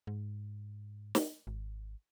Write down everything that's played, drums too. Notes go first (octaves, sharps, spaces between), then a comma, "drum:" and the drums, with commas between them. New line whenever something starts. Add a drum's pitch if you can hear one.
G#2
drum: snare
G#1